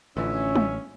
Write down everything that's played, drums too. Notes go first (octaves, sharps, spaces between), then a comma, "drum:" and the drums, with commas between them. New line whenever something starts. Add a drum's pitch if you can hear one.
A1 D3 E3 F3 C#4 E5
drum: tom